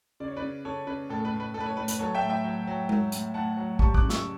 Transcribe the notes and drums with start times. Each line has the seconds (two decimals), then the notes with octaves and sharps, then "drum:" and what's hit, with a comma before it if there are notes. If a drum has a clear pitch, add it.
0.20 C#3 D5
0.28 C#5
0.36 B4 D5
0.42 C#3
0.65 C#3 A4 C#5
0.87 C#3 B4
1.09 A2 A4
1.20 A4
1.25 B4
1.32 A2
1.40 B4
1.54 A2 A4
1.60 B4
1.66 A4 C#5
1.77 A2 B4
1.88 B4, drum: hi-hat
1.99 F#3 A4 C#5
2.15 E5 G5
2.22 A2
2.30 E5 G5
2.44 F#3
2.67 F#3
2.89 F#3, drum: tom G#3
3.12 A2, drum: hi-hat
3.34 A2 F#5 A5
3.57 F#3
3.79 G3 A5 C#6, drum: kick
3.94 D6 F#6, drum: kick
4.02 C#3
4.10 C#6 E6, drum: snare